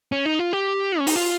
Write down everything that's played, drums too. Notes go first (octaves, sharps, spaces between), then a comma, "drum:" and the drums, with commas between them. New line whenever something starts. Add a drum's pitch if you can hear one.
C#4
D#4
F4
G4
C#4
D#4, drum: open hi-hat
F4